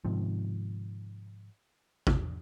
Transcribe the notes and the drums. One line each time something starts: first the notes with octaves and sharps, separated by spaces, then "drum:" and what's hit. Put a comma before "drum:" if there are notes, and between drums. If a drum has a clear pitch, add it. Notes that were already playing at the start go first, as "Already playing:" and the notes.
G#2 C3 D#3 F3
drum: kick